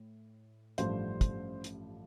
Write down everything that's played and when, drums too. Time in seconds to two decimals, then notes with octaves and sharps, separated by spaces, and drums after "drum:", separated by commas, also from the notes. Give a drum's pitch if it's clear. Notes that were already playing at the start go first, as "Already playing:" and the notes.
Already playing: A2
0.78 A1 G2 F3 A3 C5, drum: hi-hat
1.21 drum: kick, hi-hat
1.64 drum: hi-hat